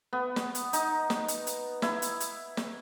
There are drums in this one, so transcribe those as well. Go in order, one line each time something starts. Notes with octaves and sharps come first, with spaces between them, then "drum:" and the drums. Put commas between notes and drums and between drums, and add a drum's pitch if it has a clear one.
B3
drum: snare
drum: hi-hat
D#4, drum: hi-hat
drum: snare
drum: hi-hat
drum: hi-hat
E4, drum: snare
drum: hi-hat
drum: hi-hat
drum: snare